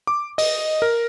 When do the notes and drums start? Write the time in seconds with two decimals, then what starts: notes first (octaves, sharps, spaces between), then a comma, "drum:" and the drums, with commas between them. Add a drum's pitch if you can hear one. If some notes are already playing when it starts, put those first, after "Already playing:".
0.07 D6
0.38 D#5, drum: open hi-hat
0.82 A#4